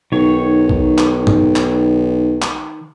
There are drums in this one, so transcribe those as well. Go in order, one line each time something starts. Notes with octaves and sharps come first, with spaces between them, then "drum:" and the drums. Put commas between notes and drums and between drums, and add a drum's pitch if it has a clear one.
B1 D#3 C#5
drum: kick A#1
drum: clap
drum: tom G2
drum: clap
drum: clap